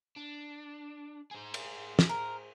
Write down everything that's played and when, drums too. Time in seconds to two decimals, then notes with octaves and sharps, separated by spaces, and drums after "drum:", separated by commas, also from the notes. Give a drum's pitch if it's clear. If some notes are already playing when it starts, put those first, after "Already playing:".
0.16 D4
1.31 G#4 C5
1.54 drum: cymbal
1.99 drum: snare
2.09 A#4